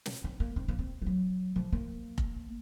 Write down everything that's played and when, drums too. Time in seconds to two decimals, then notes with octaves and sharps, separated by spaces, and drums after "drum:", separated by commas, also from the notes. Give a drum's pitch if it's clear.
0.06 drum: snare
0.24 C4
0.40 A#3
0.56 C4
0.68 A#3
0.79 C4
1.02 F3
1.06 F#3
1.56 F3
1.73 A#3
2.18 drum: kick F1